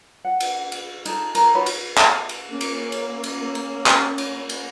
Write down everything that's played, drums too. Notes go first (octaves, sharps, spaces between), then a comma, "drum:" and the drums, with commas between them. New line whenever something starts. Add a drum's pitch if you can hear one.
F#5
drum: cymbal
drum: cymbal
D#4 A4, drum: cymbal
A#4, drum: cymbal
D#4 F#4 B4 C#5
drum: cymbal
drum: clap
drum: cymbal
A#3 C#4 C#5
drum: cymbal
drum: cymbal
drum: cymbal
drum: cymbal
drum: clap
drum: cymbal
drum: cymbal